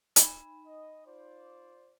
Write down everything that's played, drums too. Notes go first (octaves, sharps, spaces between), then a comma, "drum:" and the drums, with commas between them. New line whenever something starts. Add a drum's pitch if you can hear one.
D#4 B5, drum: hi-hat
D#5
F4 C5 D5